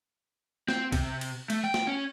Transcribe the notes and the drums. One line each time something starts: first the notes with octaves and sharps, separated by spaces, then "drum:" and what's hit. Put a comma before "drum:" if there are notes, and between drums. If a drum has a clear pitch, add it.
C4, drum: snare
C3, drum: kick B1, cymbal
drum: cymbal
A3, drum: cymbal
G5
drum: snare
C#4